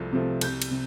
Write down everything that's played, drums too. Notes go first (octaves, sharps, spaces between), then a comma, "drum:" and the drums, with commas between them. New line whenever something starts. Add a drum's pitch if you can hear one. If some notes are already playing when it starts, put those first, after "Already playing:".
Already playing: C2 C3 F3 A3
C3 F3 A3
C2 G6, drum: cymbal
drum: cymbal
C3